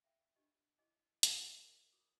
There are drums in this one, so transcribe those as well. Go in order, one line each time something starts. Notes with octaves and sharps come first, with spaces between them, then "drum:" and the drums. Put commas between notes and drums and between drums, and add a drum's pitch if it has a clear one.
E5 F5 G5 G#5
D4 F4 G4 D#5
E4 G4 C#5 D#5 G#5 D6
drum: hi-hat
D#4 E4 G4 D5 E5 F5
G#4 A#4 D5 G#5
F4 F#4 D6 D#6